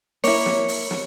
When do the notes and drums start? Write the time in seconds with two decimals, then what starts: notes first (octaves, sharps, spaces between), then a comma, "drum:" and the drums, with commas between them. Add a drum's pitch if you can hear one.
0.24 A#3 E4 C#5, drum: open hi-hat
0.46 drum: snare
0.68 drum: open hi-hat
0.91 drum: snare